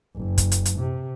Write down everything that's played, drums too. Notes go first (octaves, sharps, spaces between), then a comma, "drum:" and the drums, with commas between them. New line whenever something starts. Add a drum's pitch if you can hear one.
F#1
drum: kick, hi-hat
drum: hi-hat
drum: hi-hat
C3